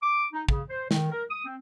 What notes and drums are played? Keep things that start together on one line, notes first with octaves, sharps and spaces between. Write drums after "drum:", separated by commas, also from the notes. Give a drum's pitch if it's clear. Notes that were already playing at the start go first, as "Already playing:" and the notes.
D6
D#4
C#3, drum: kick
C5
D#3, drum: snare
A#4
D#6
C4